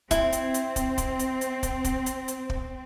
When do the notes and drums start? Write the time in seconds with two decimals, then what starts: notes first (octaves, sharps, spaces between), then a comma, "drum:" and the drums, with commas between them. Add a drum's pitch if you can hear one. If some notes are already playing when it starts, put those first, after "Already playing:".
0.11 C4 E4, drum: kick, hi-hat
0.32 drum: hi-hat
0.54 drum: hi-hat
0.76 drum: kick, hi-hat
0.98 drum: kick, hi-hat
1.19 drum: hi-hat
1.41 drum: hi-hat
1.63 drum: kick, hi-hat
1.84 drum: kick, hi-hat
2.06 drum: hi-hat
2.28 drum: hi-hat
2.50 drum: kick